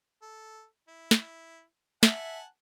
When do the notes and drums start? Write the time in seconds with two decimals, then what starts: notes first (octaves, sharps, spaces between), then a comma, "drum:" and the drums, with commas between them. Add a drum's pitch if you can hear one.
0.22 A4
0.88 E4
1.11 drum: snare
2.03 E5 F#5 G#5 A5, drum: snare